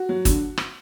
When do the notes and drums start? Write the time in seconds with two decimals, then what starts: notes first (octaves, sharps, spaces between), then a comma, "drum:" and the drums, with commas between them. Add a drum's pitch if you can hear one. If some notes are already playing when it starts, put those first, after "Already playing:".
Already playing: F#4
0.09 F#3
0.25 D3, drum: kick, hi-hat
0.58 drum: rim click